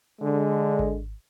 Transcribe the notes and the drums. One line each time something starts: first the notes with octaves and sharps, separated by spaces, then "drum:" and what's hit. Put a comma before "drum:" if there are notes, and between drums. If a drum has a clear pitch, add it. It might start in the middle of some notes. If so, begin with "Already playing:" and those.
D3 G#3
drum: kick G#1